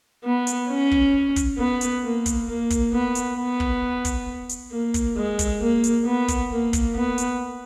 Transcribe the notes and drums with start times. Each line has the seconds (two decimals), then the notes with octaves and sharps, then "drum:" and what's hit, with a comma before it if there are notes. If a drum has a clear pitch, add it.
0.25 B3
0.47 drum: hi-hat
0.70 C#4
0.91 drum: kick
1.36 drum: kick, hi-hat
1.58 B3
1.81 drum: hi-hat
2.03 A#3
2.26 drum: kick, hi-hat
2.48 A#3
2.70 drum: kick, hi-hat
2.93 B3
3.15 drum: hi-hat
3.37 B3
3.60 drum: kick
4.05 drum: kick, hi-hat
4.49 drum: hi-hat
4.72 A#3
4.94 drum: kick, hi-hat
5.17 G#3
5.39 drum: kick, hi-hat
5.61 A#3
5.84 drum: hi-hat
6.05 B3
6.28 drum: kick, hi-hat
6.51 A#3
6.73 drum: kick, hi-hat
6.96 B3
7.18 drum: hi-hat